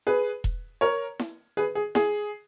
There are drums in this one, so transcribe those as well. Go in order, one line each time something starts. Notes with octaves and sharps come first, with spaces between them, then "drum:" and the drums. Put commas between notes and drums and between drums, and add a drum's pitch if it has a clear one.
G#4 B4
drum: kick E1
A#4 C#5
drum: snare E4
G#4 B4
G#4
G#4, drum: snare E4